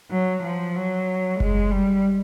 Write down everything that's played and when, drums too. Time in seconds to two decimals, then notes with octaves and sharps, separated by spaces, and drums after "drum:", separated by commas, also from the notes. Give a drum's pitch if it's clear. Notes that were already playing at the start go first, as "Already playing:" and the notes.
0.11 F#3
0.44 F3
0.76 F#3
1.40 G#3, drum: kick F#1
1.71 G3